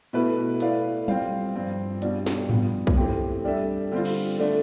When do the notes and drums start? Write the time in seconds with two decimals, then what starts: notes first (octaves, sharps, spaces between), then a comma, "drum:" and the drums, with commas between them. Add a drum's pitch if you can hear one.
0.13 B2 A3 E4 B4
0.60 A3 E4 B4 D5 F5, drum: hi-hat
1.08 G3 C4 F4 C5 F5, drum: tom F#3
1.55 G2 F3 C4
2.02 B2 G3 D4 F4, drum: hi-hat
2.26 drum: snare
2.49 G2 F3 B3, drum: tom G#2
2.87 drum: kick
2.96 E3 A3 C4 G4
3.44 G3 D4 A4 E5
3.92 D3 G3 C4 F4
4.05 drum: cymbal
4.39 D3 A3 D4